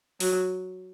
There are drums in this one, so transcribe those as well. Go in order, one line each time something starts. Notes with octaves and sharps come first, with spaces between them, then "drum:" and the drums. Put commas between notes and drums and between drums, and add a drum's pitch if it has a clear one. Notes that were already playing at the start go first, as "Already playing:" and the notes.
F#3, drum: open hi-hat